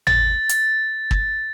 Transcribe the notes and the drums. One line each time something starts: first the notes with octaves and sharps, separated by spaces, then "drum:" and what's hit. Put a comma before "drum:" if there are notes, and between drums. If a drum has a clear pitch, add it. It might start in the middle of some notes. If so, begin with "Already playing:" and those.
A6, drum: tom
drum: hi-hat
drum: kick